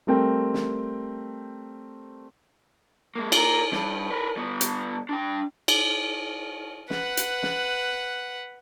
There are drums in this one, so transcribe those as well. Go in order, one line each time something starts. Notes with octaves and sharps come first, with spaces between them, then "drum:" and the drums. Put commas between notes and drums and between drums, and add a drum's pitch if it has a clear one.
G3 A3 C4 A#4 G5
drum: snare
G#3 A#3
F4 A#4, drum: cymbal
G2, drum: snare
A#4 B4
G2 B3
drum: hi-hat
D4 G5
drum: cymbal
B4 F#5, drum: snare
drum: hi-hat
drum: snare